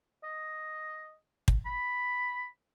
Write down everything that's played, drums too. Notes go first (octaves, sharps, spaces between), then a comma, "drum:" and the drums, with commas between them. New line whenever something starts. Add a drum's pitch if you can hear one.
D#5
drum: kick
B5